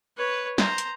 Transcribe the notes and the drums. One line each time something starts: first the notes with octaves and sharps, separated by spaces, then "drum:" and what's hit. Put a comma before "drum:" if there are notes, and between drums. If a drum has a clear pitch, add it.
B4 C#5
C5 A#5, drum: snare
drum: hi-hat